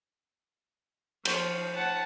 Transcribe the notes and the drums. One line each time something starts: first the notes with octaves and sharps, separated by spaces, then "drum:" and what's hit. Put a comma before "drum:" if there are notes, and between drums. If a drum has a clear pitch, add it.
F3 C5 C#5 C#6, drum: cymbal
F#5 A5